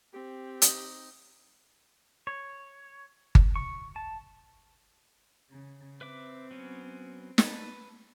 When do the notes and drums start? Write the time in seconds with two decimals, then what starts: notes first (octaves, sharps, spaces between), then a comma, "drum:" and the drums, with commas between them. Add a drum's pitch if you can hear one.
0.14 C4 G4
0.62 D#4, drum: hi-hat
2.27 C#5
3.35 drum: kick G1
3.56 C#6
3.96 A5
5.51 C#3
6.01 C4 B4 E5 D6
6.51 F#3 B3 C#4
7.38 B4 A5, drum: snare